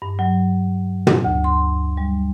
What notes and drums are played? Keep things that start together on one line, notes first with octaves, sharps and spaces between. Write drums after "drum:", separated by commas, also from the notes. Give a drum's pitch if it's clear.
G2
F#3
drum: tom
D2
C6
G3